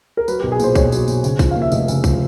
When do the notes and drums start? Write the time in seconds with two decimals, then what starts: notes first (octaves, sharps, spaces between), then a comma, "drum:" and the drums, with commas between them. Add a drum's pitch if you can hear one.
0.17 A#4
0.28 F#3 B4, drum: tambourine
0.40 B1 G4
0.52 G#4
0.60 A#2 C5, drum: tambourine
0.75 B1 C#5, drum: kick B1, tambourine
0.92 F#3, drum: tambourine
1.08 B1, drum: tambourine
1.24 C#3, drum: tambourine
1.39 F3, drum: kick B1, tambourine
1.51 D#2 F5
1.62 E5
1.72 F1 D#5, drum: tambourine
1.88 C#3, drum: tambourine
2.04 F3, drum: kick B1, tambourine